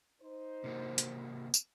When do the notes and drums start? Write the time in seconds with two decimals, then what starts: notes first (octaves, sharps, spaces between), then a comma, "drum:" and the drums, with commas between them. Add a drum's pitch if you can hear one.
0.20 D#4 C5
0.64 C3 A#3 F#4
0.98 drum: hi-hat
1.54 drum: tambourine